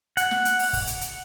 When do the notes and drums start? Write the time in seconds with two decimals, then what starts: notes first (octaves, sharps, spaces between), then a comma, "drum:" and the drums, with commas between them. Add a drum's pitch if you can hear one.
0.17 F#5, drum: hi-hat
0.31 drum: snare
0.45 drum: hi-hat
0.59 drum: open hi-hat
0.73 drum: kick, open hi-hat
0.87 drum: hi-hat
1.01 drum: hi-hat